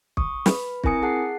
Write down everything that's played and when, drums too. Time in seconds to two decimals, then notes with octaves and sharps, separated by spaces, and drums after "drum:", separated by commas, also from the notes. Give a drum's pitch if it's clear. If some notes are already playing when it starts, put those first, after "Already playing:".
0.17 C#6 D#6, drum: kick
0.46 B4 B5, drum: snare
0.84 C4 E4 A#4 G#5 D#6 C#7, drum: kick
1.02 G#4 F#5 A5 F#6 C7